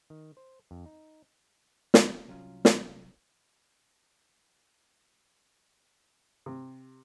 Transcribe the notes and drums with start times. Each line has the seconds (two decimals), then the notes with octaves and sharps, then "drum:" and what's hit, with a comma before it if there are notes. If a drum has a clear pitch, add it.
0.10 D#3
0.37 C5
0.71 F2
0.86 D#4
1.94 drum: snare
2.27 C2 F#3 C#4 F4
2.65 drum: snare
6.46 C3